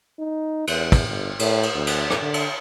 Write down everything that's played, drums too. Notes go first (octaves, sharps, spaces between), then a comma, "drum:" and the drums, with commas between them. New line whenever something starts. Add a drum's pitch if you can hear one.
D#4
E2, drum: cymbal
drum: kick, cymbal
G1
A2, drum: cymbal
drum: cymbal
D2
drum: cymbal
drum: rim click
D3
drum: cymbal